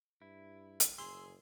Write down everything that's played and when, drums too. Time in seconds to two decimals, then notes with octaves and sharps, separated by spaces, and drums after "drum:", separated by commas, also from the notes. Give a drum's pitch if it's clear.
0.22 G2 E4
0.80 drum: hi-hat
0.98 F#1 G#4 C6 E6